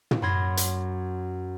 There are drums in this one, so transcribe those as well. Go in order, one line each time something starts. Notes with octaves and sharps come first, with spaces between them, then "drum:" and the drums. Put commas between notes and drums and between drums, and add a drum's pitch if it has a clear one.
drum: tom
F#2 B5 C6 G#6 A#6
drum: hi-hat